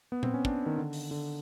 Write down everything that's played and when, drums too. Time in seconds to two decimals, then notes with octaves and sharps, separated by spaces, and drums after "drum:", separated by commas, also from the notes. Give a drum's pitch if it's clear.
0.12 B3
0.23 C4, drum: tom A#2
0.34 C#4
0.45 D4, drum: kick
0.66 D#3
0.78 D3
0.93 drum: open hi-hat
1.11 D3